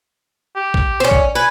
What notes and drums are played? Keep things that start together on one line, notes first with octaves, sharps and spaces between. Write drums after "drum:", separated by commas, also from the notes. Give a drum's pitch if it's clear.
G4
drum: kick A#1
C4 C#4
drum: kick A#1
B4 G#5